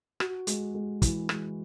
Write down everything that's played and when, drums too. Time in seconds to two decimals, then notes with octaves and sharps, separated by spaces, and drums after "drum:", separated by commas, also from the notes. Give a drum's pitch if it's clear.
0.20 F#4, drum: rim click
0.47 G#3, drum: hi-hat
0.74 G#3
1.02 E3, drum: kick, hi-hat
1.29 G#3, drum: rim click